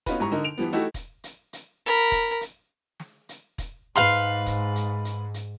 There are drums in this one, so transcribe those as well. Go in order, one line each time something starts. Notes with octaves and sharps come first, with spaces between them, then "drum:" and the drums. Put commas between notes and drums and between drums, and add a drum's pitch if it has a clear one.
B3 C#4 D#4 F4 F#4 B4, drum: kick E1, hi-hat
G#2 G3 E4 A#5 C#6
D3 D#4 A#4
D7 F7
E3 F3 G3 B3
A3 D#4 E4 F#4 G4
drum: kick E1, hi-hat
drum: hi-hat
drum: hi-hat
A#4 B5
drum: kick E1, hi-hat
drum: hi-hat
drum: snare
drum: hi-hat
drum: kick E1, hi-hat
G#2 B4 F5 C6
drum: kick E1, hi-hat
drum: hi-hat
drum: hi-hat
drum: hi-hat